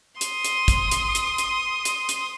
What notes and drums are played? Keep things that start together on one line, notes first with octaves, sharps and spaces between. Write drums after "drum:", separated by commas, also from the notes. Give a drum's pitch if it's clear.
C6 D#6, drum: hi-hat
drum: hi-hat
drum: kick, hi-hat
drum: hi-hat
drum: hi-hat
drum: hi-hat
drum: hi-hat
drum: hi-hat